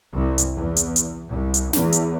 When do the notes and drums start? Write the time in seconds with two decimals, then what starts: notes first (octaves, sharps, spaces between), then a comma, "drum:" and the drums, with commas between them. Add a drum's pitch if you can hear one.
0.14 C2
0.38 drum: hi-hat
0.53 E2
0.76 drum: hi-hat
0.96 drum: hi-hat
1.29 C2
1.54 drum: hi-hat
1.73 E2, drum: snare
1.92 drum: hi-hat